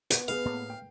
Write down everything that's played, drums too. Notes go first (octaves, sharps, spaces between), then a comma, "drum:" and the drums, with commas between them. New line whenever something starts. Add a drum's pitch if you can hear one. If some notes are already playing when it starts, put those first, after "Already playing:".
B3, drum: hi-hat
G#4 B4 F5
A2 A#3
G5